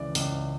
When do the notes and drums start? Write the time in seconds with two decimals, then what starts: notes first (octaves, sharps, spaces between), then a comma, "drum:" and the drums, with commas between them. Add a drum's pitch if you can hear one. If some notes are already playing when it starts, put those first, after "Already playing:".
Already playing: C#2 C#3 E3 D5
0.15 C#2, drum: open hi-hat